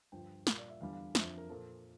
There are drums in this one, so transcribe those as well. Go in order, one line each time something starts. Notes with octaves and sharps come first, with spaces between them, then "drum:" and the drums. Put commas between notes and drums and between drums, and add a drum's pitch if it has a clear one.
G2 D3 F3 G5
A#2 G3 F5, drum: snare
D5
E5
E2 D3 G3 F5
F5
F2 D3 F3 E5, drum: snare
A#4
A#2 F3 A4